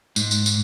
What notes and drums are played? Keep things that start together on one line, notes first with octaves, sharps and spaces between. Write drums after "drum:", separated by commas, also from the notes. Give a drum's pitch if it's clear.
G#2, drum: tambourine
drum: tambourine
drum: tambourine